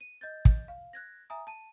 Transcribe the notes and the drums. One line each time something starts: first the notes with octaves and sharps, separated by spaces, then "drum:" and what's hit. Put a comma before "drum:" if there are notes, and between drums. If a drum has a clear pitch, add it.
D#7
D#5 G6 A6
drum: kick
F5
F#6 G#6 A#6
E5 G#5 A#5 D#6
A5 D#7